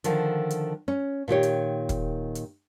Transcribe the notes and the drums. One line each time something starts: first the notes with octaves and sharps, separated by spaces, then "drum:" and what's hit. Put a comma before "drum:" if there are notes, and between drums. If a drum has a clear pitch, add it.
D3 D#3 F3, drum: hi-hat
drum: hi-hat
C#4
A#2 D#3 G4 C#5
drum: hi-hat
drum: kick, hi-hat
drum: hi-hat